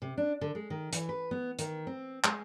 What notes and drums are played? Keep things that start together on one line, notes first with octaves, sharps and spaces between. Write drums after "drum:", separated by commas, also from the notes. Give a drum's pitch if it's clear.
C3
D4
D3
G#3
D#3
E3, drum: hi-hat
B4
B3
D#3, drum: hi-hat
C4
G#3, drum: clap